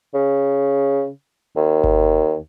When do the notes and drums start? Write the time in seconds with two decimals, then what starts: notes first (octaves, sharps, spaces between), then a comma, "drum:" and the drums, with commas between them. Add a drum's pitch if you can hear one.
0.14 C#3
1.56 D#2
1.84 drum: kick G1